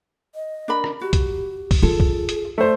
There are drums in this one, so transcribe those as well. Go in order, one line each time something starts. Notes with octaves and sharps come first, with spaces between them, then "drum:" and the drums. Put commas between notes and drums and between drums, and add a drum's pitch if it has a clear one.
D#5
D4 A#4 B5
drum: rim click
F#4 G4
drum: kick, hi-hat
drum: kick, open hi-hat
F4 G#4 A4
drum: kick
drum: hi-hat
A3 C5 D5